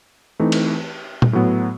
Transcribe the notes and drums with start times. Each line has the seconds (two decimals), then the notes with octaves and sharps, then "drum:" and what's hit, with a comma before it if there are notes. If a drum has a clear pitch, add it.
0.40 E3 A3 C4 D#4
0.52 drum: cymbal
1.22 drum: tom A#2
1.33 A2 F#3 B3